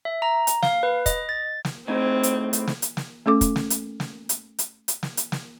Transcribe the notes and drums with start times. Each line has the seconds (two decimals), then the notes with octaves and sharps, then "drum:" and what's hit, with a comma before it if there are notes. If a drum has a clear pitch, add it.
0.05 E5
0.22 A#5
0.47 drum: hi-hat
0.63 F5, drum: snare
0.83 B4
1.06 D#5, drum: kick, hi-hat
1.29 A6
1.65 drum: snare
1.88 A2 C4 D#4
2.23 drum: hi-hat
2.53 drum: hi-hat
2.67 drum: snare
2.82 drum: hi-hat
2.97 drum: snare
3.26 A3 C#4 A4 D6
3.41 drum: kick, hi-hat
3.56 drum: snare
3.70 drum: hi-hat
4.00 drum: snare
4.29 drum: hi-hat
4.59 drum: hi-hat
4.88 drum: hi-hat
5.03 drum: snare
5.17 drum: hi-hat
5.32 drum: snare